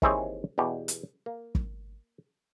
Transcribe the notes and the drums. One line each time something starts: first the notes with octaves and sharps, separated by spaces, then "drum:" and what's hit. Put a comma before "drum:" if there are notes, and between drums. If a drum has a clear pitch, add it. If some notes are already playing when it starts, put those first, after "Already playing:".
D#2 E3 C4 E4 G#4 C#5, drum: kick
E2 B2 G4
drum: hi-hat
A#3
drum: kick